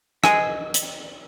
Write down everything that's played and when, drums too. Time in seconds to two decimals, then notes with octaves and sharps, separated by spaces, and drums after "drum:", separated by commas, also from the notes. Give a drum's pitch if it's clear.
0.24 D#5 G#5, drum: rim click
0.74 drum: hi-hat